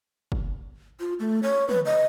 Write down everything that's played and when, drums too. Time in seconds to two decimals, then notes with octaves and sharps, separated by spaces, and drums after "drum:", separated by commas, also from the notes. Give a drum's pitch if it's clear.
0.32 drum: kick
1.00 F4
1.20 A3
1.43 C#5
1.69 B4, drum: tom
1.86 D#5